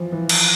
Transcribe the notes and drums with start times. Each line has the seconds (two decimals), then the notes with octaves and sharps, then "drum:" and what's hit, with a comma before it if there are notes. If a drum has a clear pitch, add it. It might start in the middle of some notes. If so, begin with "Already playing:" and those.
Already playing: E3 F3
0.12 E3
0.29 drum: cymbal